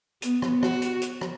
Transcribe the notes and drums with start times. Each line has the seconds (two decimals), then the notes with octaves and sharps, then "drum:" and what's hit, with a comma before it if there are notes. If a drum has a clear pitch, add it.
0.22 B3, drum: hi-hat
0.42 drum: rim click
0.63 F#4, drum: rim click
0.82 drum: hi-hat
1.02 drum: hi-hat
1.21 drum: rim click